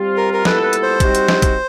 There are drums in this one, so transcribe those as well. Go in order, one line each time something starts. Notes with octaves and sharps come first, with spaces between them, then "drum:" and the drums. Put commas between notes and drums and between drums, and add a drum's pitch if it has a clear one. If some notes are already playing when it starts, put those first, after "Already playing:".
Already playing: G3 C4 F4
A#4
A#4
A#2 G3 B3 E4 A4 B4, drum: snare
B4
drum: hi-hat
C5
G3 C4 D#4 F#4, drum: kick A1, hi-hat
drum: hi-hat
drum: snare
drum: kick A1, hi-hat